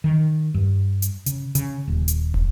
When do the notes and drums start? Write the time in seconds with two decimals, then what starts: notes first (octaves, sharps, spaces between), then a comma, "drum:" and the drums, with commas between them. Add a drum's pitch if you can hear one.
0.04 D#3
0.54 G2
1.02 drum: hi-hat
1.26 C#3, drum: hi-hat
1.55 C#3, drum: hi-hat
1.87 D#1
2.08 drum: hi-hat
2.34 drum: kick